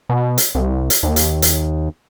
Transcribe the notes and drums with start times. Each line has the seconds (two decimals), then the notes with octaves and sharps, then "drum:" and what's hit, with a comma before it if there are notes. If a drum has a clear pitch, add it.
0.09 B2
0.38 drum: hi-hat
0.55 C2
0.90 drum: hi-hat
1.03 D#2
1.16 drum: hi-hat
1.42 drum: hi-hat